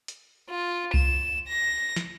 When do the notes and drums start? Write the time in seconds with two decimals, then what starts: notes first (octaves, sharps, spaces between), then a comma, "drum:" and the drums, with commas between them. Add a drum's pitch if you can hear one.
0.08 drum: hi-hat
0.50 F4
0.94 E7, drum: kick C2
1.48 A#6
1.96 drum: snare